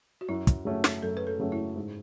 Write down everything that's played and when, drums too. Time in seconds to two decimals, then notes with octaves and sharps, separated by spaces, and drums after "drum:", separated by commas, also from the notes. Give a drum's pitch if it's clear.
0.21 F#4
0.28 F#2 E4
0.47 drum: kick, hi-hat
0.65 C#3 F#3 A3 C#4
0.84 drum: snare
1.02 F#2 A4
1.17 B4
1.27 A4
1.39 C#3 F#3 A3 C#4
1.52 E4
1.76 G#2